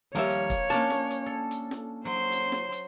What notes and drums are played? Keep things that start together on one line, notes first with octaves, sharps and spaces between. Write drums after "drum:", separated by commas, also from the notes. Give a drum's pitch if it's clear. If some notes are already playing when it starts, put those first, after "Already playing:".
D#2 F3 G3 A#3 C#5 E5
drum: hi-hat
drum: kick, hi-hat
A#3 C#4 D4 A5, drum: hi-hat
drum: snare
drum: hi-hat
A4
drum: hi-hat
drum: snare
F#3 C5 C6
drum: hi-hat
drum: snare
drum: hi-hat